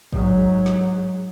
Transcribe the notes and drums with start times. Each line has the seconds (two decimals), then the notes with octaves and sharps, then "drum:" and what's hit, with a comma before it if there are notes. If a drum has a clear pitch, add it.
0.12 G#2 F#3, drum: kick
0.66 drum: snare